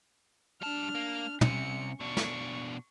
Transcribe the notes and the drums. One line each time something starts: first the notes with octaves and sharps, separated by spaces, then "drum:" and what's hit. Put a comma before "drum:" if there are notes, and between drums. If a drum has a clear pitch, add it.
G3 D4 A5 F6
A#3
C2 C3 C#4 C#7, drum: tom
B2 D4 C#6
drum: snare